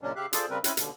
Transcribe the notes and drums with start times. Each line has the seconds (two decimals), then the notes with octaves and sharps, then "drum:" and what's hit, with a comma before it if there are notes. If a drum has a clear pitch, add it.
0.01 A#2 C#3 F#3 G#3 C#4 D4
0.16 C#3 G4 E5 F5 F#6
0.33 F4 G#4 A4 C5 D5, drum: hi-hat
0.50 C#3 G3 C4 A#4 B4
0.64 C4 C#4 E4 G#5 F#6, drum: hi-hat
0.77 D#2 B2 D3, drum: hi-hat